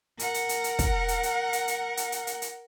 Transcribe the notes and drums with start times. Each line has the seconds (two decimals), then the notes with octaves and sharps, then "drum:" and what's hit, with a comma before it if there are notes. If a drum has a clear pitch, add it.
0.19 A#4 F#5, drum: hi-hat
0.34 drum: hi-hat
0.49 drum: hi-hat
0.64 drum: hi-hat
0.79 drum: kick, hi-hat
1.08 drum: hi-hat
1.23 drum: hi-hat
1.53 drum: hi-hat
1.68 drum: hi-hat
1.97 drum: hi-hat
2.12 drum: hi-hat
2.27 drum: hi-hat
2.42 drum: hi-hat